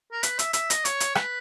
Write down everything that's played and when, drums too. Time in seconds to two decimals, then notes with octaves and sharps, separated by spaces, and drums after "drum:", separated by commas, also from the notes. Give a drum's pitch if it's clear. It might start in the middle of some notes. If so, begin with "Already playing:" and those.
0.12 A#4
0.23 B4, drum: hi-hat
0.39 E5, drum: hi-hat
0.53 E5, drum: hi-hat
0.70 D#5, drum: hi-hat
0.85 C#5, drum: hi-hat
1.00 drum: hi-hat
1.15 B4, drum: rim click